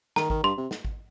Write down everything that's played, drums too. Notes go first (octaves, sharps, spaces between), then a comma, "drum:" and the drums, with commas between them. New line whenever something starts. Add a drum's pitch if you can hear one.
D#3 A#5, drum: snare
D#3, drum: kick G#1
G2 C6
C3
drum: snare
drum: kick G#1